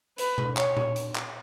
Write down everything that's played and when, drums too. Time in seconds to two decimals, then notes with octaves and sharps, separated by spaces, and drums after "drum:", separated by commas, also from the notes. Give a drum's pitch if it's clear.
0.18 B4, drum: hi-hat
0.38 drum: tom B2
0.57 C#5, drum: clap
0.77 drum: tom A#2
0.96 drum: hi-hat
1.15 drum: clap